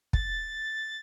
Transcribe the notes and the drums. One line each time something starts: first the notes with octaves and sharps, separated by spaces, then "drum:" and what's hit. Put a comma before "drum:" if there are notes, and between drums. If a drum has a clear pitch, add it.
A6, drum: kick